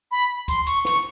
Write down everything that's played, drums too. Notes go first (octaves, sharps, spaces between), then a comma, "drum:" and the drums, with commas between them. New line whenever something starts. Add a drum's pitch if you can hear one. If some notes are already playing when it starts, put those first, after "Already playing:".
B5
C6, drum: kick, hi-hat
C#6, drum: hi-hat
C#6, drum: snare